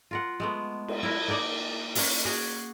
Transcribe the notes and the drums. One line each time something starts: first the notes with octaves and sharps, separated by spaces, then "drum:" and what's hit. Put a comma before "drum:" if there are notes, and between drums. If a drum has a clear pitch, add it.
F4 A#4 F#5
G#3 A3 B3
drum: cymbal
E4 A#4
A#3 D#4 A#4 D5
A#3 C#4 A#4 F5, drum: open hi-hat
F#4 G#4 C#5